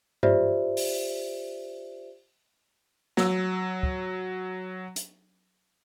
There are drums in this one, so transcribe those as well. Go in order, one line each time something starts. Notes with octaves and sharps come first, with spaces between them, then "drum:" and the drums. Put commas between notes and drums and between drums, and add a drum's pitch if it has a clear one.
F4 G4 C5 D5 E5, drum: tom G2
drum: open hi-hat
F#3 E6, drum: snare
drum: kick
drum: hi-hat